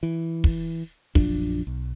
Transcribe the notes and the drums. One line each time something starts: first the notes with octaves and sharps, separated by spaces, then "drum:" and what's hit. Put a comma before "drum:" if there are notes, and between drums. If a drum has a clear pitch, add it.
E3
drum: kick
A#1 F#2 F3 D4, drum: kick
B1